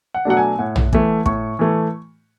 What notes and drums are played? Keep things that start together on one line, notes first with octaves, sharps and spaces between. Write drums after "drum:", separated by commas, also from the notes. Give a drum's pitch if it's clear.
F#5
B2 F#3 A3 D4 F#5
G#5
A2 F#5
drum: tom A#1
E3 A3, drum: kick
A2 C#6, drum: kick
E3 A3